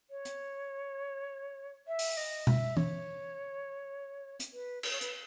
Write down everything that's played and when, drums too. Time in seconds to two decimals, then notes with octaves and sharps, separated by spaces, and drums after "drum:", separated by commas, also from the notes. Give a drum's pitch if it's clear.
0.11 C#5
0.25 drum: hi-hat
1.88 E5
1.99 drum: open hi-hat
2.17 D#5
2.47 E5, drum: tom B2
2.77 C#5, drum: tom E3
4.40 drum: hi-hat
4.53 B4
4.83 B4, drum: cymbal
4.92 C#5
5.01 B4, drum: hi-hat